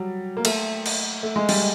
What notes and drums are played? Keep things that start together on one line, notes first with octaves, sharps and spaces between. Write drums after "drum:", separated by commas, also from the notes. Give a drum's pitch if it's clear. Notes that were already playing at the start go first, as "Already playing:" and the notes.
Already playing: F#3 G3
A#3
A3, drum: cymbal
drum: cymbal
A3
G#3
G3, drum: cymbal